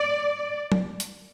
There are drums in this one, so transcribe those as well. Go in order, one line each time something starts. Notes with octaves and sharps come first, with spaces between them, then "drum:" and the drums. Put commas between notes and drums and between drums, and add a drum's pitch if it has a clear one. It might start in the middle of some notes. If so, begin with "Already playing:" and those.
Already playing: D5
drum: tom F#3
drum: hi-hat